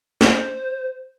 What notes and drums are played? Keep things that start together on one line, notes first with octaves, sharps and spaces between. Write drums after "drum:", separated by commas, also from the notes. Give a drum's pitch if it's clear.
C5, drum: snare